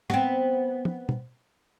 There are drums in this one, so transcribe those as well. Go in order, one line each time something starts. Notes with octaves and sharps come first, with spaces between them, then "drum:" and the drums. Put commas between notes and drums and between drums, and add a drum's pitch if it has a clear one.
B3 C4, drum: rim click
drum: tom
drum: tom